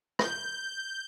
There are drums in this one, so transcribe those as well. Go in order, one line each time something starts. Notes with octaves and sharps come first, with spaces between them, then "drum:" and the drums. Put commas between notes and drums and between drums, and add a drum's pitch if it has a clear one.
G6, drum: rim click